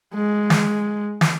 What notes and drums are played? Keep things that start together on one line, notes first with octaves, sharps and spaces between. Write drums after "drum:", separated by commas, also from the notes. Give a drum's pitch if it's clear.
G#3
drum: snare
drum: snare